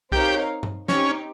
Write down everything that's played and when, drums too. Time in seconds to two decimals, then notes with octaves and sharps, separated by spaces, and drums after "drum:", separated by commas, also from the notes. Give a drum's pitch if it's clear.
0.12 C4 D#4 G4 A#4 C#5 F5, drum: kick B1
0.63 drum: tom G2
0.88 C4 C#4 D#4 G4, drum: snare